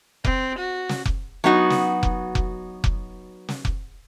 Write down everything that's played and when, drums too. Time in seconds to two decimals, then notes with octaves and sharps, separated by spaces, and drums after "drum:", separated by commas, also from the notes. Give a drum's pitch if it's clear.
0.25 C4, drum: kick F1
0.58 F#4
0.89 drum: snare
1.06 drum: kick F1
1.44 F#3 B3 D#4 F#4
1.70 drum: snare
2.03 drum: kick F1
2.35 drum: kick F1
2.84 drum: kick F1
3.49 drum: snare
3.65 drum: kick F1